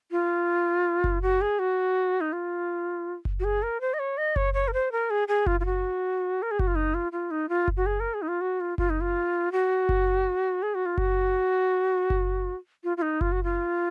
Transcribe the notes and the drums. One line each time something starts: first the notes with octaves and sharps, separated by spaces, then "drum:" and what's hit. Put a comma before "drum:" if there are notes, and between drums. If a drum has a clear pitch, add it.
F4
drum: kick F#1
F#4
G#4
F#4
D#4
F4
drum: kick F#1
F#4
G#4
A#4
C5
D#5
C#5
D#5
C#5, drum: kick F#1
C#5
A#4
C5
A#4
G#4
G#4
F4, drum: kick F#1
F4
F#4
A#4
G#4
F#4, drum: kick F#1
F4
D#4
F4
F4
D#4
F4
drum: kick F#1
F#4
G#4
A#4
G#4
D#4
F4
F#4
F4
F4, drum: kick F#1
D#4
F4
F#4
drum: kick F#1
G#4
F#4
F4
F#4, drum: kick F#1
drum: kick F#1
F4
F4
D#4
F4, drum: kick F#1
F#4
F4